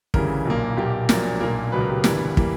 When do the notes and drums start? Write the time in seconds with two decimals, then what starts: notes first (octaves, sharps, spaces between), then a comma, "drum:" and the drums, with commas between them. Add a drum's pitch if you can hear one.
0.14 D2 C#3 E3 G3 A#4, drum: kick
0.45 B1 A#2 A#3
0.77 B1 A#2 A#3 G4
1.09 A#1 A#2 F#3 A#3, drum: snare
1.40 B1 A#2 A#3 A#4
1.72 C#2 B2 F#3 B4
1.80 A#4
1.90 G4
1.98 A#4
2.04 G1 G2 E3 G3, drum: snare
2.37 E3 G3 A#3, drum: kick